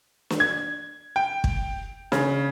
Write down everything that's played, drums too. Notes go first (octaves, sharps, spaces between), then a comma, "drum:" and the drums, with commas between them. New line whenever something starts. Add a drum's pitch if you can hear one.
drum: snare
G#6
G5
drum: kick
C#3, drum: snare